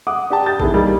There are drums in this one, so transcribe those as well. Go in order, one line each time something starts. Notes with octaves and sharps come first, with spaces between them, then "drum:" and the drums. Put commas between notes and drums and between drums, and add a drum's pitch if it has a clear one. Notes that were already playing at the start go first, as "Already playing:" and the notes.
F#5 D6 D#6
D4 G4 G5 A5
G6 A6
D#3 B3 E4 G#4 A4, drum: kick A1
G3 A#3 D#4 G#4